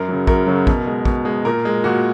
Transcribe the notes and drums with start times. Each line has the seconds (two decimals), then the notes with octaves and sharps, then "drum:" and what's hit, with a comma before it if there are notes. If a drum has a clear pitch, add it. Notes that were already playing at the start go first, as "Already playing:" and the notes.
Already playing: F#2 A#4
0.08 C#3 F#3
0.27 F#2 A#4, drum: kick A1
0.47 C#3 F#3
0.67 B2, drum: kick A1
0.87 G#3
1.05 B2, drum: kick A1
1.25 G#3
1.45 A#2 A#4
1.65 G#3
1.84 A#2 F#4